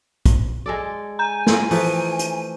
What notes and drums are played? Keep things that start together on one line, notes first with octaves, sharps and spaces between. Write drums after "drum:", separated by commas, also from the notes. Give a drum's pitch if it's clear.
drum: kick, hi-hat
G#3 A4 D5
G#5 A#5 G6
drum: snare
E3 F3 A3, drum: open hi-hat
drum: hi-hat